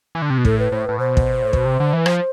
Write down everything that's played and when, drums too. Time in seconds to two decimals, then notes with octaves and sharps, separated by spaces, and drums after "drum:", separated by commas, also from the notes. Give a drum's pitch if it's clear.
0.15 E3
0.22 D3
0.30 C3
0.38 B2
0.45 A2 A4, drum: kick
0.59 B4
0.72 A2 C5
0.86 A2 B4
0.98 B2 C5
1.17 drum: kick
1.42 A2
1.53 B2, drum: kick
1.65 C3
1.80 D3
1.93 E3 B4
2.06 F3 C5, drum: rim click